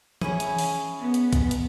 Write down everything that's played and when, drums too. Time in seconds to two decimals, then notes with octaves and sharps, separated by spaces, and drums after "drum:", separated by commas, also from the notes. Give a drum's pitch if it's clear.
0.21 C#4 E4 G#4, drum: tom E3
0.40 drum: hi-hat
0.59 drum: open hi-hat
0.99 B3
1.14 drum: hi-hat
1.33 drum: kick B1, hi-hat
1.51 drum: hi-hat